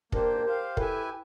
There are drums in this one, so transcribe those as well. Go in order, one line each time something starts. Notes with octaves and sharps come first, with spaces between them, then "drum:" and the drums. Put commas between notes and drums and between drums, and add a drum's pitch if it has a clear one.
A#3 D4 G4 A#4 C5, drum: kick
A#4
G4 C5 F5
E4 G4 A4 B4 E5 G#5, drum: kick